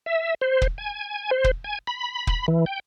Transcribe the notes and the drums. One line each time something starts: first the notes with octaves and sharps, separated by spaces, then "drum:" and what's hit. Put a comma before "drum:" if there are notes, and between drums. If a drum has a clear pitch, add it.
E5
C5
drum: kick
G#5
C5
drum: kick
G#5
B5
drum: kick
E3
G5